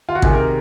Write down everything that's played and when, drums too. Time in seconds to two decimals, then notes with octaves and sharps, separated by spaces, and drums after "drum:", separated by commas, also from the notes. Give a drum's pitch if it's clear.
0.09 F4
0.15 F#4
0.22 C3 D#3 G#4, drum: kick A1
0.33 A#4